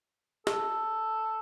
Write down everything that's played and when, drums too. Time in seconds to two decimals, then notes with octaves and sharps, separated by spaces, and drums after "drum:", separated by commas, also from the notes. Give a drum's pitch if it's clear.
0.47 A4, drum: snare